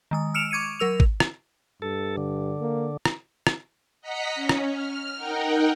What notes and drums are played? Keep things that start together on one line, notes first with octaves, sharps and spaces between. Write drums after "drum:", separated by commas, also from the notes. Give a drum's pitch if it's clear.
D#3 G#3 D#6
E6 F6 C#7 D7 E7 F7
C#6 D6 G#6 C#7 D#7
F#3 A#4 E6 F7
drum: kick
drum: rim click
G2 A4
D3
A#3
drum: rim click
drum: rim click
D#5 F#5 A#5 B6 C#7
C#4
drum: rim click
F6
D#4 A#4 F#5 G5